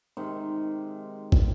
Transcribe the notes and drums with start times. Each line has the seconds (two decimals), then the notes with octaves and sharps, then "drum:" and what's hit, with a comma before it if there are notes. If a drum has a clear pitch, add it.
0.17 C3 D#3 G#3
1.32 drum: kick